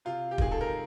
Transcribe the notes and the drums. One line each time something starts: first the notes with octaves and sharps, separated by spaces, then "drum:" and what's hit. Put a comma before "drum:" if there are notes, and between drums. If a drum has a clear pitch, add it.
C3 F4
G4
D#3 G#3 G#4, drum: kick
A4
A#4